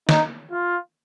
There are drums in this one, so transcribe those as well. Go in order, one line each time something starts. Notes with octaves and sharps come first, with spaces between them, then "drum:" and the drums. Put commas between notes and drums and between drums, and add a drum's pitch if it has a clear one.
D#4, drum: snare
F4